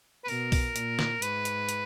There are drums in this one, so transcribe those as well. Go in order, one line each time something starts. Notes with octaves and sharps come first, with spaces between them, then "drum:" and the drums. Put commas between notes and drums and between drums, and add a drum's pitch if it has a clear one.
B4
B2 A#4, drum: open hi-hat
drum: kick B1, open hi-hat
A#2, drum: hi-hat
drum: snare
G#2 B4, drum: hi-hat
drum: hi-hat
drum: hi-hat